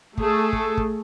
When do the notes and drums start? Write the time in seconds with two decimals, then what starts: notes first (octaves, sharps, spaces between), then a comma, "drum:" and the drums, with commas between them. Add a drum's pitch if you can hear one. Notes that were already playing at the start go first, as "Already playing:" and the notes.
0.18 A3 G#4 A4, drum: kick
0.53 drum: kick
0.77 drum: kick